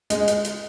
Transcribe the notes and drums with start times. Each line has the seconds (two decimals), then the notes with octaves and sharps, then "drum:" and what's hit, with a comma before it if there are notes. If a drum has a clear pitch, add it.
0.10 G#3 D#5, drum: hi-hat
0.28 drum: hi-hat
0.44 drum: hi-hat